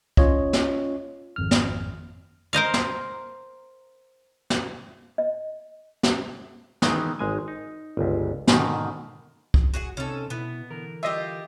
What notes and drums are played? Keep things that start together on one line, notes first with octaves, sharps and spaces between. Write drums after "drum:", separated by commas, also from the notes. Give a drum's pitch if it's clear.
C#4 F4 C#5 D#5, drum: kick
drum: snare
G#1 F2 F6
drum: snare
A#4 C5 D#5 F5
drum: snare
drum: snare
D#5
drum: snare
D#3 E3 G#3 B3 D#4, drum: snare
G#1 G#3 G#5
D#4
G1 C#2
G#2 B2 D3 D#3, drum: snare
drum: kick
F#4 G#4 F#5
C3 C4 C#4 D#4 A4
B2 B3 E4
D3 E3 A#4
F4 G4 D#5 E5